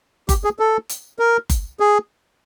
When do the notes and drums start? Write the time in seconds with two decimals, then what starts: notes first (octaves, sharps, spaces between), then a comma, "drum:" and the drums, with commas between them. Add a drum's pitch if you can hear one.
0.29 G4, drum: kick F#1, hi-hat
0.44 G#4
0.59 A4
0.89 drum: hi-hat
1.19 A#4
1.50 drum: kick F#1, hi-hat
1.80 G#4